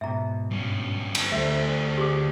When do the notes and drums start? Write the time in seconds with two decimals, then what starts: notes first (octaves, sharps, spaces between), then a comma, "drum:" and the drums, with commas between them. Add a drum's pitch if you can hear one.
0.01 G#2 B2 E5 A#5
0.51 G2 C#4
1.15 drum: cymbal
1.32 D2 A3 C5 E5
1.97 G4 G#4